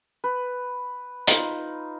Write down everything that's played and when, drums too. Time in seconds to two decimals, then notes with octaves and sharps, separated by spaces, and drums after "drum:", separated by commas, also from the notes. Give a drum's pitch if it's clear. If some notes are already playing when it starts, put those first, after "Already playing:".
0.24 B4
1.28 D#4 F4, drum: hi-hat